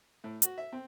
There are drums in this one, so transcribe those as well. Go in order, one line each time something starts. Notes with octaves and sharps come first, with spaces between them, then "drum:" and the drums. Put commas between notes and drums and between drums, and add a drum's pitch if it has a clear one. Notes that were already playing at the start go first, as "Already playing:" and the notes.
A2
F#4, drum: hi-hat
E5
C4